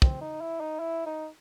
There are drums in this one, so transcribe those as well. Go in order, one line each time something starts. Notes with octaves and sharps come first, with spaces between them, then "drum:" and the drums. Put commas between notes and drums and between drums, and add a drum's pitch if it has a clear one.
C4, drum: kick
D#4
E4
D#4
E4
D#4